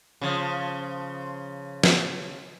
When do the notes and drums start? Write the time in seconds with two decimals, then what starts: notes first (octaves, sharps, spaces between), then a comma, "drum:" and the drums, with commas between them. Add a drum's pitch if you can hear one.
0.21 C#3 F3
1.83 drum: snare